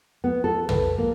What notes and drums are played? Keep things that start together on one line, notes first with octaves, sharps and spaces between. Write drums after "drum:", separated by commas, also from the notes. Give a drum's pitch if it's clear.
B3
A4
B4, drum: tom
A#3